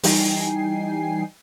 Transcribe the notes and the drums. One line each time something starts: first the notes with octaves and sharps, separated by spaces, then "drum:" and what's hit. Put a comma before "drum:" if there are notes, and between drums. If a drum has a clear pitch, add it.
E3 G3 D#4 G5 G#5 C7, drum: open hi-hat